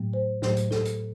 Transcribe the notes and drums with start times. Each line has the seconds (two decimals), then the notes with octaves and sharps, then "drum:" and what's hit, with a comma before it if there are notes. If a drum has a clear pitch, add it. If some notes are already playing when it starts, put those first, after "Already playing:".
Already playing: A2 F#3 A3
0.13 C5
0.42 A2 F#3 A3 C5, drum: snare
0.57 drum: hi-hat
0.71 A4, drum: snare
0.85 drum: hi-hat